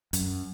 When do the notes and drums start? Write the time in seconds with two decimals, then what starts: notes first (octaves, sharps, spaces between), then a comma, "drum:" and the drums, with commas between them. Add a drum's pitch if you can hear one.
0.13 F#2, drum: hi-hat